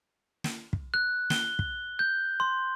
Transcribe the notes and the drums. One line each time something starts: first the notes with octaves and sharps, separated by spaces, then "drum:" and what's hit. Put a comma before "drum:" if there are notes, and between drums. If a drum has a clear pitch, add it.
drum: snare
drum: kick
F#6
G7, drum: snare
drum: kick
G6
C6